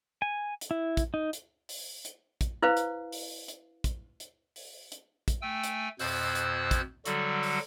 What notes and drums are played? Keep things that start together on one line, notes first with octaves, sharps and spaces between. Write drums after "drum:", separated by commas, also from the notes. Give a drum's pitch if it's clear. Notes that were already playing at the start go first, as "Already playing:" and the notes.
G#5
drum: hi-hat
E4
drum: kick, hi-hat
D#4
drum: hi-hat
drum: open hi-hat
drum: hi-hat
drum: kick, hi-hat
E4 B4 C5 F5
drum: hi-hat
drum: open hi-hat
drum: hi-hat
drum: kick, hi-hat
drum: hi-hat
drum: open hi-hat
drum: hi-hat
drum: kick, hi-hat
A3 G5 G#5 E6
drum: hi-hat
F2 B2 C5 E6 F#6 G#6, drum: open hi-hat
drum: hi-hat
drum: kick, hi-hat
D3 F#3 G3 F#4 A4, drum: hi-hat
drum: open hi-hat